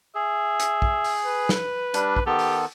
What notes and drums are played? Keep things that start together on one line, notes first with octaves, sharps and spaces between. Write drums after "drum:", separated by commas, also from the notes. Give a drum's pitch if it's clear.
G#4 E5
drum: hi-hat
drum: kick
drum: open hi-hat
B4
drum: snare
G3 D4, drum: hi-hat
drum: kick
D#3 B3 G4 A4
drum: open hi-hat